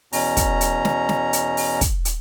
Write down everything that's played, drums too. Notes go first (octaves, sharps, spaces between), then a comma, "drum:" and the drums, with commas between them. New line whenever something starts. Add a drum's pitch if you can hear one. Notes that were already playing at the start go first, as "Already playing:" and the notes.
E2 B2 C#4 A#5, drum: open hi-hat
drum: kick, hi-hat
drum: hi-hat
drum: snare
drum: snare
drum: hi-hat
drum: open hi-hat
drum: kick, hi-hat
drum: hi-hat